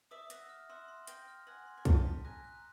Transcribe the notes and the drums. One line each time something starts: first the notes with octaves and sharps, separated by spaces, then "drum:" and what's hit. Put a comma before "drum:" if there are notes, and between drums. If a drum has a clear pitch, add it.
D5 E5 D#6
E5 F#5 A#6, drum: hi-hat
F6
E5 F#5 C6
C6
F5 G5 A#6, drum: hi-hat
F6
F#5 G#5 C6
C6
G#5
G5 A5 D#7, drum: kick, hi-hat
B6
G#5 A#5 F#6
F#6